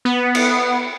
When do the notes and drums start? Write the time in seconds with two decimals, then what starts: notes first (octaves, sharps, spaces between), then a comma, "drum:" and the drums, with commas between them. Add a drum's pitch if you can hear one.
0.05 B3
0.35 drum: cymbal